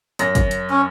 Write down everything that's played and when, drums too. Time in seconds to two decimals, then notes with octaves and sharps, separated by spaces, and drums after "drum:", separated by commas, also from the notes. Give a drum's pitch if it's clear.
0.19 F#2 A#6, drum: hi-hat
0.35 drum: kick, hi-hat
0.51 drum: hi-hat
0.70 C#4